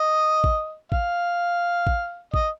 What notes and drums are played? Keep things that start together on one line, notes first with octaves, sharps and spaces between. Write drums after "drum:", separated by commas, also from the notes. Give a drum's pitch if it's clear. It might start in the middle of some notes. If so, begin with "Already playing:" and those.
Already playing: D#5
drum: kick A1
F5, drum: kick A1
drum: kick A1
D#5, drum: kick A1